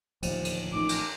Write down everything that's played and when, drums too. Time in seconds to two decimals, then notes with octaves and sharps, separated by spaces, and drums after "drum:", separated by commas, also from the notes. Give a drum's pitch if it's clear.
0.23 D1 D#2 F3 C5, drum: cymbal
0.45 drum: cymbal
0.72 A1 A#2 D#3 D#4 D6
0.89 drum: cymbal